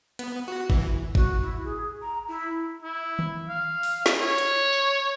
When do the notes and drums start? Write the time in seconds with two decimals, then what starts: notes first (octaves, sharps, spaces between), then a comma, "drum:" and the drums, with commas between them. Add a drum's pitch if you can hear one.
0.19 B3, drum: hi-hat
0.48 F#4
0.70 E3, drum: kick G#1
1.15 F#4, drum: kick G#1
1.42 E4
1.64 G#4
2.01 A#5
2.28 E4
2.82 E4
3.19 drum: tom
3.49 F5
3.83 drum: open hi-hat
4.06 drum: snare
4.21 C#5
4.38 drum: hi-hat
4.73 drum: tambourine